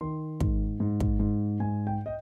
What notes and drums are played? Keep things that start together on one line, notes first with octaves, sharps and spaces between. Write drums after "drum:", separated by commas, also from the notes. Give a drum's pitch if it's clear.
D#3 C6
G#2, drum: kick
G#2
drum: kick
G#2
G#2 G#5
G5
D#5